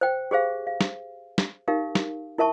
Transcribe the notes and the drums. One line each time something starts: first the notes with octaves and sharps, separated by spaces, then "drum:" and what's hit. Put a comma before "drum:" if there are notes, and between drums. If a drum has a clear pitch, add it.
C5 G5
G4 G#4 C5 F5
F5
drum: snare
drum: snare
D#4 G4 A#4 F5
drum: snare
E4 A#4 E5 A5 C#6